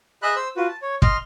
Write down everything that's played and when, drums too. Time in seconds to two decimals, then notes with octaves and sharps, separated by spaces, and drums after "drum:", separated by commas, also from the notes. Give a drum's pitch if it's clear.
0.22 G#4 D#5 E5 B5 F#6
0.36 C5 E6
0.56 F4 F#4 B4
0.68 A5
0.82 C#5
1.02 D#5 C6 F6, drum: kick